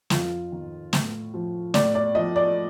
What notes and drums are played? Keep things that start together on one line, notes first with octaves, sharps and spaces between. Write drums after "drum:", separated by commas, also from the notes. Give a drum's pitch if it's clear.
F2 F4, drum: snare
D#3
A2, drum: snare
F3
A2 D5, drum: snare
D5
F3 D#5
D5